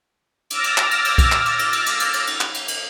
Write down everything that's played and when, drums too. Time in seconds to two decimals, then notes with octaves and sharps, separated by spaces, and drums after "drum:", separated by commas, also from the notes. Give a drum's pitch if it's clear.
0.50 D6 E6 F6 A6 A#6, drum: cymbal
0.64 drum: cymbal
0.77 drum: clap
0.91 drum: cymbal
1.05 drum: cymbal
1.18 drum: kick, cymbal
1.32 drum: clap
1.45 drum: cymbal
1.59 drum: cymbal
1.73 drum: cymbal
1.86 drum: cymbal
2.00 drum: cymbal
2.14 drum: cymbal
2.27 drum: cymbal
2.41 drum: clap
2.54 drum: cymbal
2.68 drum: cymbal